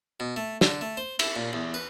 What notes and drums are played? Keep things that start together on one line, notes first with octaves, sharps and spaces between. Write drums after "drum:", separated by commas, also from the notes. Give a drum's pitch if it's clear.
B2
A3
D3, drum: snare
A3
C5
E4, drum: cymbal
A#2
E2
B4